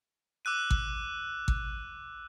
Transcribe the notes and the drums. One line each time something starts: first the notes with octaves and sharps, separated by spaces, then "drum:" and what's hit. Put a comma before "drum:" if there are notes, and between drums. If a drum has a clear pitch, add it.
D6 E6 F#6 D#7
drum: kick G#1
drum: kick G#1